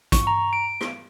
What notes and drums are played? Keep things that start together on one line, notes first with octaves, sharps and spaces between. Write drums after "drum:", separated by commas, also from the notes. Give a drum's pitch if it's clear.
C#6, drum: kick, hi-hat
A#5
D7
drum: rim click